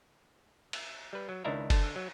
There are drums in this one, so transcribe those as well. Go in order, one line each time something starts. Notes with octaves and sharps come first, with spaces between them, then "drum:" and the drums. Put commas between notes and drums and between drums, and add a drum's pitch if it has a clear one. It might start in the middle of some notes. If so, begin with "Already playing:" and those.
drum: cymbal
G3 B4
F#3
C#2 D#3 D4 E4 E5 A#5
D3 A5, drum: kick F#1, cymbal
F#3